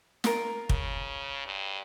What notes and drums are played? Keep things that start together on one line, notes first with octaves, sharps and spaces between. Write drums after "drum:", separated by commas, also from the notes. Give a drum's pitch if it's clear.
F4 A#4, drum: snare
C#3, drum: kick
G2